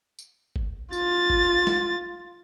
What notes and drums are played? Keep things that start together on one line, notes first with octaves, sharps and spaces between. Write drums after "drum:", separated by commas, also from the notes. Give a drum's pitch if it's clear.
drum: tambourine
drum: kick G1
F4 A6, drum: tambourine
drum: kick G1
drum: snare